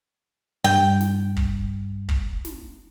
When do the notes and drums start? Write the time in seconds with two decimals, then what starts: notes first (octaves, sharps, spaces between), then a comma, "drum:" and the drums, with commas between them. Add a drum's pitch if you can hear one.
0.64 G2 G5
1.00 drum: snare
1.36 drum: kick
2.09 drum: kick
2.45 drum: snare